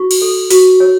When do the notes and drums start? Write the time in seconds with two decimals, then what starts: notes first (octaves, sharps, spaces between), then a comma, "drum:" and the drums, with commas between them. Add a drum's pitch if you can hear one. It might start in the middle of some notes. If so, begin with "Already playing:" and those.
Already playing: F#4 C#6
0.11 drum: cymbal
0.22 A4
0.50 F#4, drum: open hi-hat
0.80 C#5